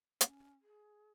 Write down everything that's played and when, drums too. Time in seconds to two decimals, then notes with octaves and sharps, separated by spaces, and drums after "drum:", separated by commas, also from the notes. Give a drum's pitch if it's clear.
0.21 C#4, drum: hi-hat
0.62 G#4